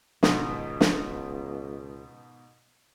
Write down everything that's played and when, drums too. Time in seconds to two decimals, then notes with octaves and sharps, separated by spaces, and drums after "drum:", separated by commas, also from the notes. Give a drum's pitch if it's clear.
0.23 C#2 G#2 B2 D#3, drum: snare
0.81 drum: snare